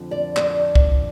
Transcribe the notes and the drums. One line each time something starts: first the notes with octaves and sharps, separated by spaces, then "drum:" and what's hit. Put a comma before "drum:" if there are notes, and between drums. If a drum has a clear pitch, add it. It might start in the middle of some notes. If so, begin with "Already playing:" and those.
Already playing: F2 D3 F3 C4
D5
D5, drum: clap
drum: kick C2